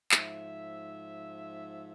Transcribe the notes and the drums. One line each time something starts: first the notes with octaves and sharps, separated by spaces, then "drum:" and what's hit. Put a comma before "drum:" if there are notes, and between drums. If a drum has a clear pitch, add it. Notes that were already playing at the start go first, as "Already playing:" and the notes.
G#2 F3 E5, drum: clap